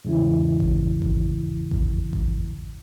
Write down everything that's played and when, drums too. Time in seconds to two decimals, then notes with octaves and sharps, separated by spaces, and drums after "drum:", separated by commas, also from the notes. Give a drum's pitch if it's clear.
0.05 E2 G#2 C#3 E3 E4
0.60 drum: kick G#1
1.02 drum: kick G#1
1.71 drum: kick G#1
2.13 drum: kick G#1